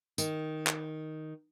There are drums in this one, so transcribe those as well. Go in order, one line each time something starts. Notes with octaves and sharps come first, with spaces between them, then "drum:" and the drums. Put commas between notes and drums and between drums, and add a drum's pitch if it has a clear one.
D#3, drum: tambourine
drum: clap